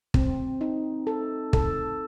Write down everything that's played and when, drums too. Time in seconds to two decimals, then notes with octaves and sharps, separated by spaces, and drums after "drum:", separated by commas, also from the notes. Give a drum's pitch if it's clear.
0.14 C4, drum: kick
0.61 D#4
1.07 A4
1.53 A4, drum: kick